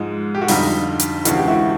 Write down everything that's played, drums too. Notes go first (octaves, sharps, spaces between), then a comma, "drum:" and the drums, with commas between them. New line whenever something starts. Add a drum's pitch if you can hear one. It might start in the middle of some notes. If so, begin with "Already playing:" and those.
Already playing: G#2 F3 G#3
G4
F#4
F2 D3 G3 D#4 F4, drum: open hi-hat
drum: hi-hat
D2 C#3 E3 G#3 F#4, drum: hi-hat
G4
E4 F#4